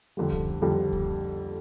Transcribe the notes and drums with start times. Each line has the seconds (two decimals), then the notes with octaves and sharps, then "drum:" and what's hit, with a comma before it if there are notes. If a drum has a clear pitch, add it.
0.17 F2 D3 G3
0.32 drum: kick C2
0.62 F2 D3 G3
0.93 drum: kick C2